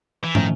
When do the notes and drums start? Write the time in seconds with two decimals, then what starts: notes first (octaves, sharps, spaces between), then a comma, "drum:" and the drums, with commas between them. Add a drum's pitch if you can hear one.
0.24 E3
0.35 A2 D#3 F3 A3 C#4, drum: tom